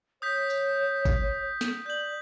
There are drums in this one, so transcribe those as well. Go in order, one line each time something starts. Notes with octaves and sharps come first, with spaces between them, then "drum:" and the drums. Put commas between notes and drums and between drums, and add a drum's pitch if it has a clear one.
C#5 D#6 G6 B6
drum: tambourine
drum: kick, tambourine
drum: snare
D5 G6 F#7